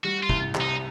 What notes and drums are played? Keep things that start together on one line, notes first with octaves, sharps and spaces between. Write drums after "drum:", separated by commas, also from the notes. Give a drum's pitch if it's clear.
G3 F#4
F4
C2, drum: kick
C3, drum: clap
D#4